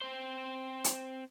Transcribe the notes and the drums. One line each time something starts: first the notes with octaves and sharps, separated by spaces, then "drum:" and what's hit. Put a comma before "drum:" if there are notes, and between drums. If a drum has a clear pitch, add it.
C4 C5
drum: hi-hat